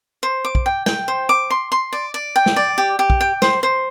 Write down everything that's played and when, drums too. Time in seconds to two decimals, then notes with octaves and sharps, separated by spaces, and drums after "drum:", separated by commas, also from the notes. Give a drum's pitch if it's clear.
0.23 C5
0.45 D6
0.55 drum: kick
0.66 G5
0.86 G5, drum: snare
1.08 C5
1.29 D6
1.50 C6
1.72 C6
1.93 D5
2.14 D5
2.36 G5
2.46 drum: snare
2.56 D5
2.78 G4
2.99 G4
3.10 drum: kick
3.21 G5
3.42 C5, drum: snare
3.63 C5